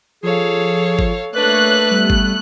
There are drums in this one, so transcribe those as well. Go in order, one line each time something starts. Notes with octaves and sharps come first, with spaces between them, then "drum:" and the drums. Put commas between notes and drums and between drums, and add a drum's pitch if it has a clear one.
F3 G#4 A4 C#5 F5
drum: kick G1
A3 A#3 D4 B4 C#5 C#6 F#6
G3 B3
drum: kick G1